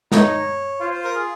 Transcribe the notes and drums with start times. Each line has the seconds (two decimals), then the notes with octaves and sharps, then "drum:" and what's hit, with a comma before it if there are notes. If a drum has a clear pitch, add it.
0.12 D#4 C#5, drum: snare
0.81 F4 C5
0.93 C5
1.04 A#4
1.15 G#4